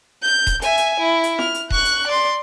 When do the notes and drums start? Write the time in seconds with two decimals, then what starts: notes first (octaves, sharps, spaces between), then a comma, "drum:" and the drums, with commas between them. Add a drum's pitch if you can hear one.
0.22 G6
0.47 drum: kick D#1, hi-hat
0.62 E5 G#5, drum: hi-hat
0.77 drum: hi-hat
1.00 E4
1.24 drum: hi-hat
1.39 F6, drum: snare F4
1.54 drum: hi-hat
1.70 C#6 F#6, drum: kick D#1
1.85 drum: hi-hat
2.07 D5 C6